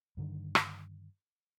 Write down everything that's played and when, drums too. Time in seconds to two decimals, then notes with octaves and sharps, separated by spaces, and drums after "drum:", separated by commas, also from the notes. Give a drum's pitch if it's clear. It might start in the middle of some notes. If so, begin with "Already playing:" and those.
0.17 G2 D3 D#3
0.55 drum: rim click